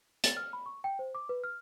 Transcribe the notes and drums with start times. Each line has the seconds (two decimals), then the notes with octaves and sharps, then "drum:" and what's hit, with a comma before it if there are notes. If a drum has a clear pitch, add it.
0.24 A6, drum: hi-hat
0.37 F6
0.53 B5
0.66 C#6
0.84 G5
0.99 C5
1.15 D6
1.29 B4
1.44 F6